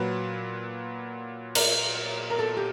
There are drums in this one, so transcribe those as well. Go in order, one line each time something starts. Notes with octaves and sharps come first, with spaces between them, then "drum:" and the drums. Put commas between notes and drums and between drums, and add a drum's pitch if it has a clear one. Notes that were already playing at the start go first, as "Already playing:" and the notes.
Already playing: A#2 F#3 B4
A#4, drum: cymbal
A#4
A4
G4